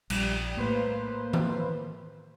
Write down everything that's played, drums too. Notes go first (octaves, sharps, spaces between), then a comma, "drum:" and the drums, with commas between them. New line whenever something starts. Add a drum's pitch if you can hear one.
A#1 G3, drum: cymbal
A2 A#3 B4 C5
drum: tom D#3